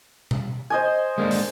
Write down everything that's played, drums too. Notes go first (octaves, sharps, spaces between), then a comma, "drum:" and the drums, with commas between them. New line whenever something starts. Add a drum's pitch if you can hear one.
drum: tom B2
C5 D#5 G#5
G#3 A#3 D4
drum: open hi-hat